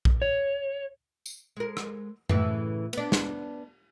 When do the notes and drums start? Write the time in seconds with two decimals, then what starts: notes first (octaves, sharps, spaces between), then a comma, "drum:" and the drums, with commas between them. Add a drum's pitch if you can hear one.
0.05 drum: kick A#1
0.22 C#5
1.26 drum: tambourine
1.57 G#3 A#4
1.77 drum: rim click
2.29 A2 C#3 E3, drum: tom F#2
2.93 B3 D4, drum: cymbal
3.12 drum: snare